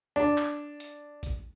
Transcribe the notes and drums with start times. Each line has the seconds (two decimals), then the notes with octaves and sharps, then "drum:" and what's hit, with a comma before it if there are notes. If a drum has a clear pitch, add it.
0.16 D4
0.37 drum: clap
0.80 drum: hi-hat
1.23 drum: kick, hi-hat